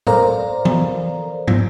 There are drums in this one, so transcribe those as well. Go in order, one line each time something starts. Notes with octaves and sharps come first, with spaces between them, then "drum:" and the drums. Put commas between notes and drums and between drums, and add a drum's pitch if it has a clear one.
A4 A#4 C5 D5 F5 A#5, drum: tom
drum: tom E3
drum: tom